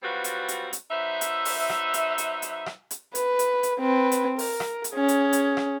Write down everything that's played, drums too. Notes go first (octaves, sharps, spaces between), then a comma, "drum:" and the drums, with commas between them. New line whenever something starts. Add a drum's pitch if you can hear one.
F#3 G3 C4 F4 F#4 B4
drum: hi-hat
drum: hi-hat
drum: hi-hat
F#3 D#4 B4 C5 E5
drum: hi-hat
drum: open hi-hat
drum: rim click
drum: hi-hat
drum: hi-hat
drum: hi-hat
drum: rim click
drum: hi-hat
B4, drum: hi-hat
drum: hi-hat
drum: hi-hat
C4 B4
drum: hi-hat
A#4, drum: open hi-hat
drum: rim click
drum: hi-hat
C#4 G#4
drum: hi-hat
drum: hi-hat
drum: rim click